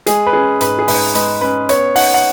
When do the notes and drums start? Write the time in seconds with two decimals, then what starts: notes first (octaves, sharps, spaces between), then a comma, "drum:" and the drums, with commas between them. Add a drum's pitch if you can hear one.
0.06 G#3 G#4, drum: hi-hat
0.27 B4
0.33 C#4 G#4
0.61 G#2 B4, drum: hi-hat
0.79 G#4
0.88 G#2 B4, drum: open hi-hat
1.15 G#3 B4, drum: hi-hat
1.41 C#4 B4
1.69 B3 C#5, drum: hi-hat
1.96 D#4 F#5, drum: open hi-hat
2.14 F#5